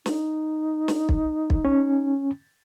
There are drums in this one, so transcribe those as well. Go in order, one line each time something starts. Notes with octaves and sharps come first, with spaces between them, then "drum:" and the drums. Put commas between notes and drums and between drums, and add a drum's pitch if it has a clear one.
D#4, drum: snare
drum: snare
drum: kick
drum: kick
C#4